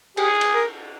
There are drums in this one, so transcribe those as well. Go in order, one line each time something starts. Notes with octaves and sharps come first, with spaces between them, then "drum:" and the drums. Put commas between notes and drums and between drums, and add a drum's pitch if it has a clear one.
G4 G#4, drum: cymbal
drum: cymbal
A#4